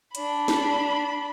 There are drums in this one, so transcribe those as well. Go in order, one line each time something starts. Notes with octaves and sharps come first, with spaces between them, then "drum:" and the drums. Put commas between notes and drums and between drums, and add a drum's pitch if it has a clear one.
D4 B5, drum: hi-hat
drum: snare